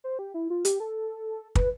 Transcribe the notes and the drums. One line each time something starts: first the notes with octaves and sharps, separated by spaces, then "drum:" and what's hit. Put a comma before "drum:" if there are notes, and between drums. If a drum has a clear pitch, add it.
C5
G4
E4
F4
G4, drum: hi-hat
A4
B4, drum: kick